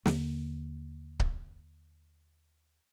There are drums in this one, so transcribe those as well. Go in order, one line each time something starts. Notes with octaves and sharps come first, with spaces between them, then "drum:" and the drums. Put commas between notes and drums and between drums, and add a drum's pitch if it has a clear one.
D#2 D3 A#3, drum: snare
drum: kick C#1